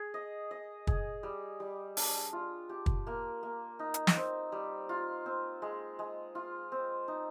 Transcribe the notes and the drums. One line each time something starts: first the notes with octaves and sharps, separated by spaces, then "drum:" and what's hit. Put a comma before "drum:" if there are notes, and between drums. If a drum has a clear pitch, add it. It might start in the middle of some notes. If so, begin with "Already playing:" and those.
Already playing: G#4
D#5
D#5
G#4, drum: kick
G3
G3
D4, drum: open hi-hat
F4
G4
drum: kick
A#3
A#3
D#4
drum: hi-hat
drum: snare
C4
G3
F4
C4
G#3
G#3
F4
C4
D#4